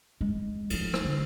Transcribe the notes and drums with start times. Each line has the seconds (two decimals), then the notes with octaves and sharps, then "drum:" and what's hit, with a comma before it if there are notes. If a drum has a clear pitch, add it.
0.21 G#3
0.70 E3 F3, drum: cymbal
0.94 drum: rim click
1.05 D3